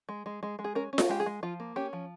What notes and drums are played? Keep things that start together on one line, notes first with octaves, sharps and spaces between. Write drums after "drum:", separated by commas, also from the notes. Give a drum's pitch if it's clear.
G#3
G#3
G#3
G#3
G#4
C#4 A#4
C#4
A#4, drum: snare F4
G#3 G4
G#4
G#3
F3 F4
A#3
C#4 G4
F3